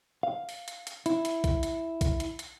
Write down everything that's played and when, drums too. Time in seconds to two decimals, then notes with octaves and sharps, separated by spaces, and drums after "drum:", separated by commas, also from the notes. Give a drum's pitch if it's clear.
0.23 F5
0.49 drum: open hi-hat
0.68 drum: hi-hat
0.87 drum: hi-hat
1.06 E4, drum: hi-hat
1.25 drum: hi-hat
1.44 drum: kick B1, hi-hat
1.63 drum: hi-hat
2.01 drum: kick B1, hi-hat
2.20 drum: hi-hat
2.39 drum: hi-hat